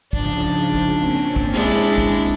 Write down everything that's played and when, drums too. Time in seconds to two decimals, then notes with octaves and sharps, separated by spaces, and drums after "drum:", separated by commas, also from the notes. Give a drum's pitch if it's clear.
0.13 G#2 C#3 F3 D4, drum: kick
0.75 drum: kick
0.97 A#2 C4 C#4
1.36 drum: kick
1.53 G#3 D4 E4
1.98 drum: kick